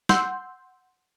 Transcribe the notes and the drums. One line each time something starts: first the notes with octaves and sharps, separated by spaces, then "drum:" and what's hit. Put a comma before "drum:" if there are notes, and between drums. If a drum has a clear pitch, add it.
F#5 C6 E6 G6, drum: snare